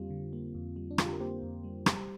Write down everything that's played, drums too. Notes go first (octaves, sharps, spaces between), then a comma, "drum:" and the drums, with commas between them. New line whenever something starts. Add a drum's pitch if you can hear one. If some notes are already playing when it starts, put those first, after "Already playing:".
Already playing: F2 D3 G3 A#3 C4 F4 G4
D3
A#3
F2
G3
D4
D3 F4, drum: rim click
G4
A#4
A#3 G4 C5
F2
G3
G3, drum: rim click